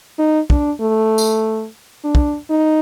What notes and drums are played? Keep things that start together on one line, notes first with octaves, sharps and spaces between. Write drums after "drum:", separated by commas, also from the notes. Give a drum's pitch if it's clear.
D#4
D4, drum: kick
A3
drum: tambourine
D4
drum: kick
D#4